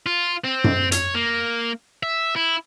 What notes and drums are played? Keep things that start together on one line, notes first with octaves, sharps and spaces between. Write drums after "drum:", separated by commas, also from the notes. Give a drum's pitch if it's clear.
F4
C4
drum: tom F#2
C#5, drum: hi-hat
A#3
E5
E4